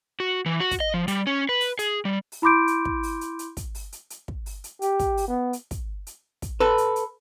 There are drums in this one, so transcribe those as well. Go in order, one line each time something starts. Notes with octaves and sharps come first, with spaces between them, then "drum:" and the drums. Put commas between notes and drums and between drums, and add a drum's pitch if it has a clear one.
F#4
E3
F#4
drum: kick, hi-hat
D#5
F3
G3, drum: hi-hat
C#4
B4
drum: open hi-hat
G#4, drum: hi-hat
G3
drum: open hi-hat
E4 B5 C6 D6 G6 D7
drum: hi-hat
drum: kick
drum: open hi-hat
drum: hi-hat
drum: hi-hat
drum: kick, hi-hat
drum: open hi-hat
drum: hi-hat
drum: hi-hat
drum: kick
drum: open hi-hat
drum: hi-hat
G4, drum: hi-hat
drum: kick, hi-hat
drum: open hi-hat
B3
drum: hi-hat
drum: kick, hi-hat
drum: hi-hat
drum: kick, hi-hat
A4 B4
drum: hi-hat
drum: hi-hat